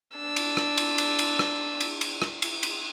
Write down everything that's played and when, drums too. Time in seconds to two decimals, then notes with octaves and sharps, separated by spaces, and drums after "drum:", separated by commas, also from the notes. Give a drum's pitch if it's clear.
0.16 D4 E6
0.36 drum: cymbal
0.57 drum: rim click
0.78 drum: cymbal
0.98 drum: cymbal
1.19 drum: cymbal
1.39 drum: rim click
1.80 drum: cymbal
2.01 drum: cymbal
2.22 drum: rim click
2.42 drum: cymbal
2.63 drum: cymbal